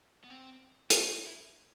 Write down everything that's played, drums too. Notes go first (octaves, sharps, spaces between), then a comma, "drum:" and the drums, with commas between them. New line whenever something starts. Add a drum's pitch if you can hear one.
B3
C4
C4, drum: hi-hat
C#4
D#4
E4